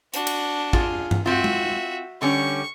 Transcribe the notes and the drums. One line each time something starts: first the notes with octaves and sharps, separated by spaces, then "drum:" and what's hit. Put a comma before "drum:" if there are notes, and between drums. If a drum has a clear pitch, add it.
D4 F#4, drum: hi-hat
drum: cymbal
F4 G#4, drum: kick
drum: tom G2
C4 F4 F#4 E5
drum: tom
D3 G3 C#4 C#6